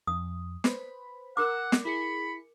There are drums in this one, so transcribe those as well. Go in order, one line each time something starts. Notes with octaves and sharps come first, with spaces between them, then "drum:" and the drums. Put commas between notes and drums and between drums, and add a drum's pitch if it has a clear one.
F2 D#6
B4 C5 B5, drum: snare
A#4 F#5 A#5 D6 E6
drum: snare
E4 G#4 B5 C#7